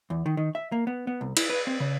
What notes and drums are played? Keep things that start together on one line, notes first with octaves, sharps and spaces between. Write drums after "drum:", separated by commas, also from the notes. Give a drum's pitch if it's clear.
E2
D#3
D#3
E5
A#3
B3
B3
C2
E4, drum: cymbal
B4
C4
C#3